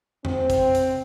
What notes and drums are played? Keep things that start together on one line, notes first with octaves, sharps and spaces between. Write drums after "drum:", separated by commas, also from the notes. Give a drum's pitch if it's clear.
C4, drum: tom F2
drum: kick, hi-hat
drum: hi-hat